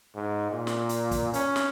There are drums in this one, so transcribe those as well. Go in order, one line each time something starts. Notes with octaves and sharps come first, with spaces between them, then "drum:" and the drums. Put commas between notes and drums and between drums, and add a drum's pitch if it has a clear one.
G#2
A#2
drum: snare
drum: hi-hat
drum: kick, hi-hat
C#4, drum: hi-hat
drum: snare